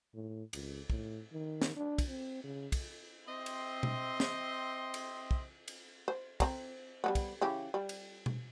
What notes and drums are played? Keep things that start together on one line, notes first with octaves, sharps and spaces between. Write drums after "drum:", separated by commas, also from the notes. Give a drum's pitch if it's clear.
A2
C#2, drum: cymbal
A2, drum: kick
D#3
drum: snare
D4
drum: kick, cymbal
C4
C#3
drum: kick, cymbal
C4 G4 C5 D#5 E5 C6
drum: cymbal
drum: tom B2
drum: snare
drum: cymbal
drum: kick
drum: cymbal
C5
C4 A#5, drum: kick, cymbal
G3 A3 B3
drum: kick, cymbal
C#3 E3 G4
G3
drum: cymbal
drum: tom B2